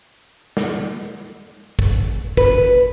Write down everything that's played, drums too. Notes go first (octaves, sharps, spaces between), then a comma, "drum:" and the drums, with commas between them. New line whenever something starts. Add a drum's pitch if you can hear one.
drum: snare
drum: kick
B4, drum: kick